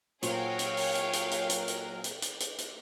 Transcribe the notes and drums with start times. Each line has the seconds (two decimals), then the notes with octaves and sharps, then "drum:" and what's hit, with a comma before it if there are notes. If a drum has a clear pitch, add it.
0.23 A#2 F#3 G#4 A#4 C5 C#5 F5 G5, drum: hi-hat
0.59 drum: hi-hat
0.77 drum: open hi-hat
0.95 drum: hi-hat
1.13 drum: hi-hat
1.31 drum: hi-hat
1.50 drum: hi-hat
1.68 drum: hi-hat
2.04 drum: hi-hat
2.22 drum: hi-hat
2.40 drum: hi-hat
2.58 drum: hi-hat